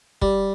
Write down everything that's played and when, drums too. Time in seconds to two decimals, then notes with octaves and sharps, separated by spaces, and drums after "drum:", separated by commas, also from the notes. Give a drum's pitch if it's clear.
0.22 G3, drum: kick